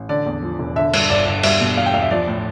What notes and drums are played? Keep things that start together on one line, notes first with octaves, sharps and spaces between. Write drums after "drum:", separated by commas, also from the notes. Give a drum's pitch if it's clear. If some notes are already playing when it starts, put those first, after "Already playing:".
Already playing: A1
D3 D5
E2
F3
E1
D3 E5
G2, drum: cymbal
G1 D5
G1
G3 E5, drum: cymbal
B2
E2 F5
G5
E2 F5
E5
F3 D5
A2